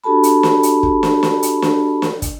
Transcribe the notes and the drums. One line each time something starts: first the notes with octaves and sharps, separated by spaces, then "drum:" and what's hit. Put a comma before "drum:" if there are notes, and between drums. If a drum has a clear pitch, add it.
D4 F#4 G4 A4 A5 B5
drum: hi-hat
drum: snare
drum: hi-hat
drum: kick
drum: snare
drum: snare
drum: hi-hat
drum: snare
drum: snare
drum: kick, hi-hat